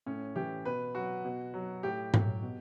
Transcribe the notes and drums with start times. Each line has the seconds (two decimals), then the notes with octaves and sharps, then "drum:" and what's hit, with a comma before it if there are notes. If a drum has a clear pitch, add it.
0.06 A2 C#4
0.36 E3 G4
0.65 B2 B4
0.95 F#3 F#4
1.25 B2
1.54 F#3
1.83 A2 G4
2.14 F#3, drum: tom G#2
2.43 B2